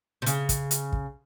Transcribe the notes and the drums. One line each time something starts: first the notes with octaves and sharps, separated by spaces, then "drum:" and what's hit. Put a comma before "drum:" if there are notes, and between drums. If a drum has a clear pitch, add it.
C3
C#3, drum: hi-hat
drum: kick, hi-hat
drum: hi-hat
drum: kick